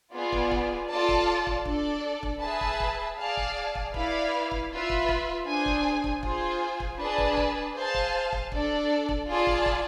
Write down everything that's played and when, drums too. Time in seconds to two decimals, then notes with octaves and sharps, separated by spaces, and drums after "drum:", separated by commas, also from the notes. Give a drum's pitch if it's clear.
0.14 B3 F4 G#4 D5
0.32 drum: kick
0.51 drum: kick
0.90 F4 A4 D5 A5
1.08 drum: kick
1.47 drum: kick
1.65 D4 A4 D5, drum: kick
2.23 drum: kick
2.41 G#4 B4 E5 A5
2.61 drum: kick
2.80 drum: kick
3.18 G#4 D5 F5 A5
3.37 drum: kick
3.75 drum: kick
3.94 E4 B4 D5 F5, drum: kick
4.51 drum: kick
4.71 F4 B4 E5
4.89 drum: kick
5.08 drum: kick
5.47 D4 G#4 C5 G#5
5.66 drum: kick
6.04 drum: kick
6.23 F4 G#4 C5 G#5, drum: kick
6.80 drum: kick
6.99 D4 G#4 B4 D5 A5
7.18 drum: kick
7.37 drum: kick
7.75 G#4 C5 F5 A5
7.94 drum: kick
8.32 drum: kick
8.52 D4 A4 D5, drum: kick
9.09 drum: kick
9.27 F4 G#4 D5 A5
9.47 drum: kick
9.66 drum: kick